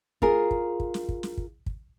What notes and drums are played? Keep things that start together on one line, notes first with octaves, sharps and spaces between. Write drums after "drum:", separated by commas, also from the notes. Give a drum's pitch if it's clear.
F4 G#4 A#4, drum: kick
drum: kick
drum: kick
drum: snare
drum: kick
drum: snare
drum: kick
drum: kick